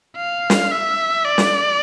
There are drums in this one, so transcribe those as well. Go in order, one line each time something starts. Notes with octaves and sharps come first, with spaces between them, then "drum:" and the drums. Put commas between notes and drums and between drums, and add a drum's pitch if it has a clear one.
F5
drum: snare
E5
D5
drum: snare